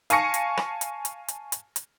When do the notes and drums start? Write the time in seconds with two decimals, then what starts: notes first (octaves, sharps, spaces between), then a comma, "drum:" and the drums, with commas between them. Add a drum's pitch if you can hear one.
0.10 F5 G#5 A5 C#6 A#6 C#7, drum: hi-hat
0.34 drum: hi-hat
0.57 drum: rim click
0.81 drum: hi-hat
1.05 drum: hi-hat
1.28 drum: hi-hat
1.52 drum: hi-hat
1.76 drum: hi-hat